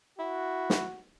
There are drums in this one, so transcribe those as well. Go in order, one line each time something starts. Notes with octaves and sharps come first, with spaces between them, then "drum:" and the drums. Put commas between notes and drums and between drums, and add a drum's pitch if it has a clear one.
E4 F#4
drum: snare